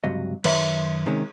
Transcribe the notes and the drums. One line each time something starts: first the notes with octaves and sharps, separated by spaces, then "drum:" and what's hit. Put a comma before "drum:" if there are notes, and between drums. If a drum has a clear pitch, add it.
C#2 G2 C3 F#3 D#5
F#2 D#3 B4 C#5 E5, drum: cymbal
C3 D#3 G#3 C#4